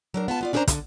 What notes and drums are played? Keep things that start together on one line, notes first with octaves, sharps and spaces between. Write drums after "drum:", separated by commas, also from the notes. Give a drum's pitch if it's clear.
F#3 D4 A#4
B3 F4 A5
B3 F4 D5
C#4 D4 G#4 A#4 C5 A#5
D3, drum: kick, hi-hat